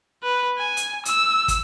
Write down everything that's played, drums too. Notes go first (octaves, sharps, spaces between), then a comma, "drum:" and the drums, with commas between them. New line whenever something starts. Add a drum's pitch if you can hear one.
B4
G#5
drum: hi-hat
E6, drum: hi-hat
drum: kick, hi-hat